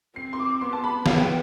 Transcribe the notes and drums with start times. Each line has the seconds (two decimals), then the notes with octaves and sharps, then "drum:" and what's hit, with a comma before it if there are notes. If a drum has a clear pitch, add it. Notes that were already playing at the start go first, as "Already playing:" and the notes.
0.16 C4 C7
0.33 C6
0.40 D6
0.61 B3 C6
0.73 A5
0.84 B5
1.06 B3 F5, drum: snare
1.20 G5